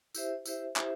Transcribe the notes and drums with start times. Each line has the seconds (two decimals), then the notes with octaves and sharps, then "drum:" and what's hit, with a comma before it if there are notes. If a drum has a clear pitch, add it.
0.15 E4 G4 C5 E5, drum: tambourine
0.45 E4 G4 C5 E5, drum: tambourine
0.76 E4 G4 C5 E5, drum: clap